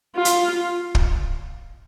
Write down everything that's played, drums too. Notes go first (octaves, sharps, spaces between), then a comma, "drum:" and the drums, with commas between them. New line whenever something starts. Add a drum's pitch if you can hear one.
F4
drum: hi-hat
drum: kick